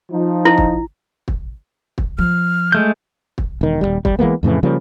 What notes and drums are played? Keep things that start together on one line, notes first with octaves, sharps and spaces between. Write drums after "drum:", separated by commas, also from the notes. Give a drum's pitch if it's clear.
F3 D#4
E4
drum: kick
drum: kick
drum: kick
F3 F6
G#3 A3 G6
drum: kick
E1 D#3
D#1 C#2 G3
G3, drum: kick
E3 G#3 A#3 B3
F2 A2 C#3 E3
C#3 F3 G3 A#3